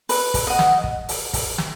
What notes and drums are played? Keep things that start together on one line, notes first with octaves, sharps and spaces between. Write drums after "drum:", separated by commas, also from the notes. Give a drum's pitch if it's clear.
B4, drum: open hi-hat
drum: kick, open hi-hat
D#5 F#5
drum: snare
drum: kick
drum: open hi-hat
drum: kick, open hi-hat
drum: snare